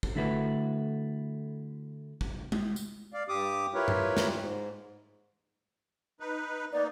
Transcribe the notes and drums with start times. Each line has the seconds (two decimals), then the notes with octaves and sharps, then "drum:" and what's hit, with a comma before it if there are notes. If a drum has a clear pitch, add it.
0.03 drum: kick
0.15 D3 A3 E4 F#4 B4
2.21 drum: kick
2.52 drum: tom G#3
2.76 drum: tambourine
3.14 D5 F5
3.28 G2 G4 D6 D#6
3.74 E4 F4 G4 A#4 B4 C#5
3.88 drum: tom G2
4.17 drum: snare
4.37 G#2
6.20 D#4 B4
6.73 A#3 B3 D#4 D5